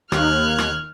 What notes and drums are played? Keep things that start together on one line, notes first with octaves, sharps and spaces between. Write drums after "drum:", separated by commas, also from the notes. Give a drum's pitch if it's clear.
D#2 F6 F#6 G#6, drum: rim click
drum: rim click